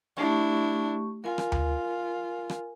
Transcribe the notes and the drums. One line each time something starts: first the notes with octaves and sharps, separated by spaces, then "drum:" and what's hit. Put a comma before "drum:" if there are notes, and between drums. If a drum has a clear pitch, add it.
A3 D4 E4 G4 C#6
F4 A#4 G#5
drum: rim click
drum: tom D2
drum: rim click